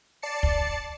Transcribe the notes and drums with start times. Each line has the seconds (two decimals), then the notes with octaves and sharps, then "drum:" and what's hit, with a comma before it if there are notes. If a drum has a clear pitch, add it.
0.22 D5 A5 A6 C7 C#7
0.43 drum: kick